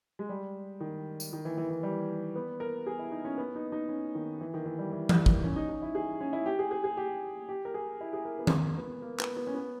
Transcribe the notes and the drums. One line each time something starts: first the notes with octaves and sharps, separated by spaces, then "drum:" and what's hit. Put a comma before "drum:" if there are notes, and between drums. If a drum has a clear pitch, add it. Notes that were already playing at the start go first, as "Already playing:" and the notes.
G#3
G3
D#3
drum: tambourine
D#3
E3
E3
E3
G3
B3
A#4
G#4
E4
D#4
C#4
B3
D#4
D#4
C#4
D#3
E3
D#3
E3
G3
E3
G3, drum: tom E3
A#3, drum: kick
C#4
D#4
D#4
E4
G#4
C#4
E4
G4
G#4
G#4
G#4
G4
G4
A#4
G#4
E4
G#4
A#4
B3
G#3, drum: tom D#3
A#3
B3
A#3
B3, drum: clap
B3
C#4
B3